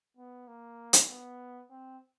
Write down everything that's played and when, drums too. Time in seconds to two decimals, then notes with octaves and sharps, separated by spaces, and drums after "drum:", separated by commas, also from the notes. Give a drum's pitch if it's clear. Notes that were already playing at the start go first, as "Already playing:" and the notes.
0.17 B3
0.48 A#3
0.93 drum: hi-hat
1.08 B3
1.70 C4